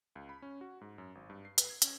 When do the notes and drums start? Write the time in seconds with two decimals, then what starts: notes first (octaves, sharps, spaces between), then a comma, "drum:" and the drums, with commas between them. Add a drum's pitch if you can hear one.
0.15 C#2
0.29 B5
0.42 C#4
0.61 F#4
0.81 G#2
0.98 F#2
1.15 G#1
1.30 G2
1.45 C7
1.58 B4, drum: hi-hat
1.70 G#6
1.82 C#4, drum: hi-hat